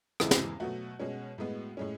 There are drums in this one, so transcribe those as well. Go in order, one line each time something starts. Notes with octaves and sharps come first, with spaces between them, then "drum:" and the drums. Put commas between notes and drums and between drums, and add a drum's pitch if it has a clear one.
E2 C#3 E3 G#3 E4, drum: rim click
drum: snare
B2 F#3 A3 F#4
B2 G#3 C#4
A2 G#3 B3
A2 G#3 C#4